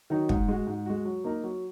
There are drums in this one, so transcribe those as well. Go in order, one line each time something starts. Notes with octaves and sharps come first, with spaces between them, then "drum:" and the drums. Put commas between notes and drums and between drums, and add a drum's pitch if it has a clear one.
D#3 F#3 D#4
G#2, drum: kick
G#3 F#4
G#2
G#3 F#4
F#3
A#3 D#4 A#4
F#3